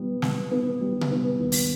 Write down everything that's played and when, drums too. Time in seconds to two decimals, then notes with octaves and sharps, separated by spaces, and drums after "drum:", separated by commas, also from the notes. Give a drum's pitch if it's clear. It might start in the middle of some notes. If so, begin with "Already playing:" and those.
Already playing: G3 B3
0.22 B3, drum: snare
0.51 B3
0.81 G3
1.01 drum: tom C3
1.11 B3
1.39 D#2
1.52 drum: open hi-hat